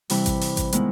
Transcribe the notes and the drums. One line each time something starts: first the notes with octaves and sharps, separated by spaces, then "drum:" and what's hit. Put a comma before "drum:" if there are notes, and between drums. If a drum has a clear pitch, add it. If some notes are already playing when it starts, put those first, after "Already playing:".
C3 E3 G3 C4 E4 B5, drum: open hi-hat
drum: kick A1, hi-hat
drum: open hi-hat
drum: kick A1, hi-hat
D#3 G#3 B3 E4, drum: hi-hat